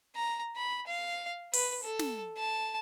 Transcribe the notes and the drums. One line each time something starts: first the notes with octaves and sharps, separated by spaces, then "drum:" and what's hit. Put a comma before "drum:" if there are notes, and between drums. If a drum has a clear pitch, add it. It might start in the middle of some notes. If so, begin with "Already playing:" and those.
A#5
B5
F5
B4, drum: open hi-hat
A4
drum: snare
A5